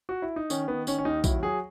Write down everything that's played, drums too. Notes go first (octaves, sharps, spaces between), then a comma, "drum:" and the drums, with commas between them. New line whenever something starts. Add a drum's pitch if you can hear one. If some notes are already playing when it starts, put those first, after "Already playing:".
F#4
E4
D#4
D#3 C#4, drum: tambourine
D#3 B3
D#3 C#4, drum: tambourine
C#4
D#2 D#4
F#3 E4, drum: kick A#1, tambourine
F#3 G#4